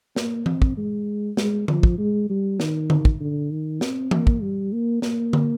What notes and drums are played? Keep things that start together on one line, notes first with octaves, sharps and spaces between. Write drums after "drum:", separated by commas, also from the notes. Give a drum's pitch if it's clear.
A#3, drum: snare
C4, drum: tom E3
drum: kick
G#3
G#3, drum: snare
F3, drum: tom D3
drum: kick
G#3
G3
D#3, drum: snare
drum: tom D3
drum: kick
D3
D#3
C4, drum: snare
A#3, drum: tom E3
drum: kick
G3
A#3
A#3, drum: snare
drum: tom D3